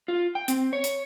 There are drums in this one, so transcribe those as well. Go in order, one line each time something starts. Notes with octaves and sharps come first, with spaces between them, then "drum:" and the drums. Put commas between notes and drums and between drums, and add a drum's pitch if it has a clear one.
F4
G5
C4, drum: hi-hat
C#5
drum: hi-hat